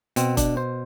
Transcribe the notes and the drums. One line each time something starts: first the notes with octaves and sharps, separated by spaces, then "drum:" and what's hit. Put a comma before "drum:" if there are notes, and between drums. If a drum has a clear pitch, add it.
B2 C4, drum: hi-hat
D4, drum: kick, hi-hat
C5